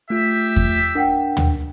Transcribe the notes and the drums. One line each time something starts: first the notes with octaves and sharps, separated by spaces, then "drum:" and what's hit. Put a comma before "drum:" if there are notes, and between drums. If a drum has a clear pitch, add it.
A3 F4 G4 E5
drum: kick E2
D4 A#4 F#5 G5
drum: tom